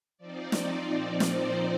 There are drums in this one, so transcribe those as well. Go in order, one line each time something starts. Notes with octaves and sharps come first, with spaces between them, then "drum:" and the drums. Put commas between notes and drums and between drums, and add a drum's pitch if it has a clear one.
F3 C4 D#4 D5
drum: snare
A#2 F3 C4 D#4
C5, drum: snare